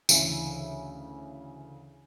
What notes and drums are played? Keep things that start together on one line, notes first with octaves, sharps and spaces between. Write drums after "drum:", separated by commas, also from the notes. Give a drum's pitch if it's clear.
D2 C#3 E3 E5, drum: tambourine